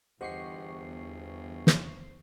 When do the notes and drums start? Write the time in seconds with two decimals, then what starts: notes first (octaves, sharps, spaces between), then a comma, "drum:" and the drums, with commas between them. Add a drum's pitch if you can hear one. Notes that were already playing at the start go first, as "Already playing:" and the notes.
0.21 G1 E2 G4 C5 D#5 F#5 C#6 C7
1.67 drum: snare